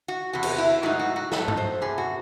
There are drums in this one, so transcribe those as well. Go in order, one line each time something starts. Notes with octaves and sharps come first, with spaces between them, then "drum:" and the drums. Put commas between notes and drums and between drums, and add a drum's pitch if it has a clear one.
F#4
E2 C3 F#4
drum: cymbal
E4
G#2 F#3 A3 D#4 F#4
F#4
F#4
G#2 F#3 A3 D#4 A4, drum: snare
drum: tom G2
C5
E2 C3 G#4
F#4